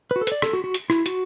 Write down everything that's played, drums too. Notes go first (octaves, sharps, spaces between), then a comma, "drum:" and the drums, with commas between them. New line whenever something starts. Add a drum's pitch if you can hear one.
F#4 B4
A4
B4, drum: hi-hat
D5
A4, drum: rim click
F#4
F#4
drum: hi-hat
E4, drum: rim click
F#4, drum: hi-hat